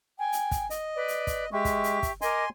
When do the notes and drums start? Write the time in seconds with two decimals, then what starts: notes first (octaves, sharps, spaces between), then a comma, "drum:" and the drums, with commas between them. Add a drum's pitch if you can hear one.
0.18 G5 G#5
0.32 drum: hi-hat
0.51 drum: kick, hi-hat
0.70 D#5, drum: hi-hat
0.95 B4 D5
1.08 drum: hi-hat
1.27 drum: kick, hi-hat
1.52 G#3 G4 E5 C#6
1.65 drum: kick, hi-hat
1.84 drum: hi-hat
2.03 drum: kick, hi-hat
2.22 A#4 D#5 G#5 C6 D6, drum: hi-hat